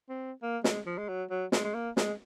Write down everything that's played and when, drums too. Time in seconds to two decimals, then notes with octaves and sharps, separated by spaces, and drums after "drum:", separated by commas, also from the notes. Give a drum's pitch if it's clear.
0.09 C4
0.42 A#3
0.64 G#3, drum: snare
0.86 F3
0.98 G#3
1.08 F#3
1.30 F#3
1.52 G#3, drum: snare
1.65 G#3
1.74 A#3
1.97 G#3, drum: snare